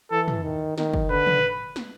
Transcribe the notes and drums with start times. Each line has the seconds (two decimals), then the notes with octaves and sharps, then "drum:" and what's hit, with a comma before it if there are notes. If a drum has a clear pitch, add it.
0.11 E3 A4
0.28 drum: tom
0.44 D#3
0.78 D#3, drum: snare
0.94 drum: kick
1.10 D3 B4
1.27 drum: tom
1.76 drum: snare